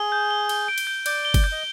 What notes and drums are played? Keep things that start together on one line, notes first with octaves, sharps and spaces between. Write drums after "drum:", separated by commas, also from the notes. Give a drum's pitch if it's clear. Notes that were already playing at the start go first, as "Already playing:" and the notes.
Already playing: G#4 G7
G6
G7
G7, drum: cymbal
D7
drum: cymbal
G6
D5 G6, drum: cymbal
G7
drum: kick F#1, cymbal
G6
D#5